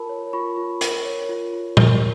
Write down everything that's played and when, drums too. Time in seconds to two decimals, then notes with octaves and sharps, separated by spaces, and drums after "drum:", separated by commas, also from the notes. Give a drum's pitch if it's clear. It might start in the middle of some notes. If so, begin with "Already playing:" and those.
Already playing: F4 A#4 A5 B5
0.09 C#5
0.33 F4 B5 C#6
0.57 F4
0.81 A#4, drum: hi-hat
1.05 C#5
1.29 F4
1.53 F4
1.77 A#4, drum: tom